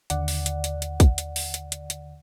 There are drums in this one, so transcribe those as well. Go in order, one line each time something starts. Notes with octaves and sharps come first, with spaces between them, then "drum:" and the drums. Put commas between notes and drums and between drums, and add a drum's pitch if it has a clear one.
D#2 D3 D5 F#5, drum: hi-hat
drum: open hi-hat
drum: hi-hat
drum: hi-hat
drum: hi-hat
drum: kick, hi-hat
drum: hi-hat
drum: open hi-hat
drum: hi-hat
drum: hi-hat
drum: hi-hat